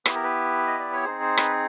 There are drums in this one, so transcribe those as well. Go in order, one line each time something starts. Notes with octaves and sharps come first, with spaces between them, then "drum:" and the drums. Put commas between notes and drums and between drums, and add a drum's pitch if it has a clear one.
B3 E4 G4 B4, drum: rim click
A#4
B4
D#5
D5
C#5
C4 D#4 G#4 C5
C5
B4, drum: rim click